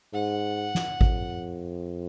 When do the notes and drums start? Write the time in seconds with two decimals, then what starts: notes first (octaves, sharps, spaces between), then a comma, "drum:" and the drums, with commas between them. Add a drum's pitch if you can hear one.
0.13 G#2 F#5
0.75 drum: snare
1.01 F2, drum: kick G#1